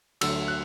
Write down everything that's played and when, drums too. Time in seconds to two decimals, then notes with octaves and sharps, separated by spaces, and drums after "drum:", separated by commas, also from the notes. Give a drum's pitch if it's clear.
0.21 D2 D3 F#3 E6, drum: cymbal
0.48 F#6